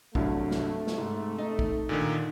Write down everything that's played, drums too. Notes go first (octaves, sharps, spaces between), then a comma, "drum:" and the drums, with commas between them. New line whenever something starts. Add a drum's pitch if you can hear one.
C2 G2 C3 F#3 A3, drum: kick
drum: snare
drum: snare
G#2
D#4
drum: kick
A#2 D3 D#3